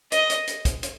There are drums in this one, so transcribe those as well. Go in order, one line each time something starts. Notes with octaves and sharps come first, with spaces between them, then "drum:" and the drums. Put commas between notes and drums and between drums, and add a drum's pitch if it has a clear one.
D#5, drum: hi-hat
drum: hi-hat
drum: hi-hat
drum: kick, hi-hat
drum: hi-hat